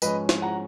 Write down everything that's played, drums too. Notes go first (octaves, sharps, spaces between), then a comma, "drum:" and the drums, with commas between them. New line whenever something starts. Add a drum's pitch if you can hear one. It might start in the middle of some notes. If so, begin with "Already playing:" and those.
G#2 F3 G#3 C#4 B4 D#5, drum: tambourine
drum: snare
F#5 A#5